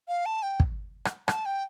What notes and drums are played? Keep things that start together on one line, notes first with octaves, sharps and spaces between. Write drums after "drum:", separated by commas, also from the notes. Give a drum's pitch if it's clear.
F5
A5
G5
drum: kick
drum: rim click
A5, drum: rim click
G5